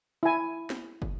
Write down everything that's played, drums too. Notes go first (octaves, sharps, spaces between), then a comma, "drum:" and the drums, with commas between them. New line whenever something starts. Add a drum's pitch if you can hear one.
E4 G#5
drum: snare
drum: kick